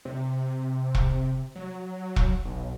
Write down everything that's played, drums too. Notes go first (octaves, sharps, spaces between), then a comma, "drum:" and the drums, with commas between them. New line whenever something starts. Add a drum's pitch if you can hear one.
C3
drum: kick E1
F#3
drum: kick E1
B1